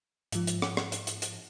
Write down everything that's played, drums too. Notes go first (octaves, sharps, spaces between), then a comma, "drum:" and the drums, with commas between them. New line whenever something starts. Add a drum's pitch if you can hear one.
G#2 F3, drum: hi-hat
drum: hi-hat
drum: rim click
drum: rim click
drum: hi-hat
drum: hi-hat
drum: hi-hat